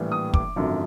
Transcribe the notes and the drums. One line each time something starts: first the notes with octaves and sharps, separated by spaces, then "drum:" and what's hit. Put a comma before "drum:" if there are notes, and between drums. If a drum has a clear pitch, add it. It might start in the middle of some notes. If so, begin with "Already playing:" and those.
Already playing: A#1 A2 E3 G3 A#3
D#6
D6, drum: kick
G#1 F#2 D3 F3